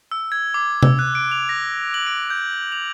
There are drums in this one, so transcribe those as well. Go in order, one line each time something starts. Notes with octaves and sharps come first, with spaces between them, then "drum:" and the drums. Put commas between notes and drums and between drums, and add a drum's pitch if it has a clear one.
E6
G#6
D6
E6, drum: tom C3
F#6
D7
F7
A#6
F#7
D7
G6
F7